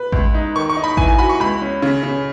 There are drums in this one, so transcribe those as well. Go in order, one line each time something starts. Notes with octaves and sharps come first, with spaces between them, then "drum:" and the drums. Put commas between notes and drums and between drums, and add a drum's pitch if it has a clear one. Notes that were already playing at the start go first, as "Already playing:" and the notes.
Already playing: B4
C#2, drum: kick A1
D#4
D#3 C#6
C#6
D#4
B5
E3 G#5, drum: kick A1
G#5
F#4 B5
C#6
C#2 B5
C#4
C#3
C#3